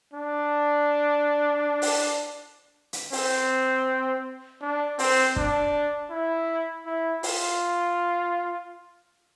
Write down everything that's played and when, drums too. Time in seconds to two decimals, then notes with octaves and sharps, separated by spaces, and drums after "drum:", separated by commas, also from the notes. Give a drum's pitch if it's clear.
0.14 D4
1.82 drum: open hi-hat
2.93 drum: hi-hat
3.12 C4, drum: open hi-hat
4.62 D4
4.99 C4, drum: open hi-hat
5.36 D4, drum: kick
6.10 E4
6.86 E4
7.23 F4, drum: open hi-hat